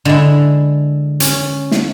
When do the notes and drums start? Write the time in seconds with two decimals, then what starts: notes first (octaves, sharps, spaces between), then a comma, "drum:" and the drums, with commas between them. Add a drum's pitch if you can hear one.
0.05 D3 G#3 E4
1.20 C#4, drum: hi-hat
1.71 drum: snare